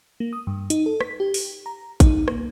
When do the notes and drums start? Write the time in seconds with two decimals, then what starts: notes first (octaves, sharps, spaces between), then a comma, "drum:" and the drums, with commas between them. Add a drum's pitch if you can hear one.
0.20 A#3
0.33 D#6
0.47 G2
0.70 D#4, drum: hi-hat
0.86 A4
1.01 B6, drum: rim click
1.20 G4
1.34 drum: open hi-hat
1.66 A#5
2.00 D#4, drum: kick A1, hi-hat
2.28 A#3, drum: rim click